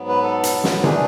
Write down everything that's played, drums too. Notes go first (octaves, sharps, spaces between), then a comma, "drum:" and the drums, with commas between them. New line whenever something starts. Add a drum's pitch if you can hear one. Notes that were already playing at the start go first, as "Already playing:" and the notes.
Already playing: G#2 F#3 B3
B4
A4
drum: hi-hat
drum: snare
E3 A3 D4 G#4, drum: tom C3